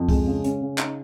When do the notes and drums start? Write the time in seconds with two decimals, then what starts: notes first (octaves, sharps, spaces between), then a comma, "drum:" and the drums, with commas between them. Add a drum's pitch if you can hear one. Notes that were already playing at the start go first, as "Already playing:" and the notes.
Already playing: F2
0.09 G#3, drum: kick C#2, open hi-hat
0.26 C#3
0.44 C#4, drum: hi-hat
0.62 C#3
0.78 D#4, drum: clap